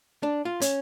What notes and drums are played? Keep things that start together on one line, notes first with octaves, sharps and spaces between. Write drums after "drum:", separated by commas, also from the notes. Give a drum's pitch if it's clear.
D4
F4
C#4, drum: hi-hat